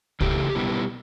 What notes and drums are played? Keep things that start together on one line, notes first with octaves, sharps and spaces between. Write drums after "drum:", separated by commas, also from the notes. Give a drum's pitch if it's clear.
C#3 E3 A3 G4, drum: kick C2
B2 G3 B3 E4